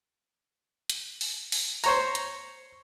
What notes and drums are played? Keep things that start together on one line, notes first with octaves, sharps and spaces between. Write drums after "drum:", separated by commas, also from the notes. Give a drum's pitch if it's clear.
drum: hi-hat
drum: open hi-hat
drum: open hi-hat
C5 C#5 A#5, drum: open hi-hat
drum: hi-hat